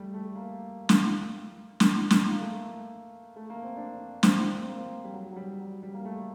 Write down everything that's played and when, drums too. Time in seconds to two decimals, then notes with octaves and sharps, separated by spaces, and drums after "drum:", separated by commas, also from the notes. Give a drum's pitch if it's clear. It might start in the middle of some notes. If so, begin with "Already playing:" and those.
Already playing: G3 A3
0.14 A3
0.35 A#3
0.89 drum: snare
1.80 drum: snare
2.10 drum: snare
2.30 A#3
2.41 A3
3.36 A3
3.50 A#3
3.63 C4
3.77 D4
4.23 C4, drum: snare
4.61 C4
4.69 A#3
5.04 G3
5.14 F#3
5.32 F#3
5.36 G3
5.60 F#3
5.83 G3
5.94 A#3
6.05 A3